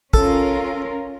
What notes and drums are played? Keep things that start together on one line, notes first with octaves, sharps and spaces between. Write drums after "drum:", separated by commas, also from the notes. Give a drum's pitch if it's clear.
C#4 F4 A4 A#4, drum: kick